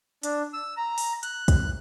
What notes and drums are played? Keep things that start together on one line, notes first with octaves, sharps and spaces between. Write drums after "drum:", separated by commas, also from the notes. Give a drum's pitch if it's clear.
D4, drum: hi-hat
E6
A#5
drum: open hi-hat
F#6, drum: hi-hat
drum: kick, hi-hat